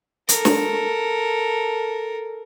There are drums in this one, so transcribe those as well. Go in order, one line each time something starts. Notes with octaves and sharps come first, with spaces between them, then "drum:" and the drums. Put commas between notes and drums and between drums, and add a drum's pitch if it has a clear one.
A4 A#4, drum: hi-hat
drum: snare